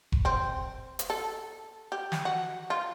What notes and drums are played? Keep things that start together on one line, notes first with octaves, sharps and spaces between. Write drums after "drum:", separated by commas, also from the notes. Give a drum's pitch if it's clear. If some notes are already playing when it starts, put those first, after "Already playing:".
drum: kick F1
C4
drum: hi-hat
A4
G4
drum: snare
F#4
F4